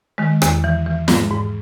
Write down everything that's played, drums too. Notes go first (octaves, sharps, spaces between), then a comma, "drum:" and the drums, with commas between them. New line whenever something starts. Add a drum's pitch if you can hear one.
D#3 G#3
E2, drum: rim click
E3
E3
G#2 G#3, drum: snare
G#2